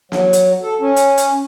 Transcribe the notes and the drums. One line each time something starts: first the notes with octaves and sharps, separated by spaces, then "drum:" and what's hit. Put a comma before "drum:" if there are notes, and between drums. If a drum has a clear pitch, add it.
F#3, drum: snare
drum: hi-hat
A4
C#4
drum: hi-hat
drum: hi-hat